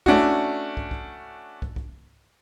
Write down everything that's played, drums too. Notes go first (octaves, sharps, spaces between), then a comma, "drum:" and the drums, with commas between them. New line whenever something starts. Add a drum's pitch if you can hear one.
A3 C#4 D4 E4 F#4, drum: kick
drum: kick
drum: kick
drum: kick
drum: kick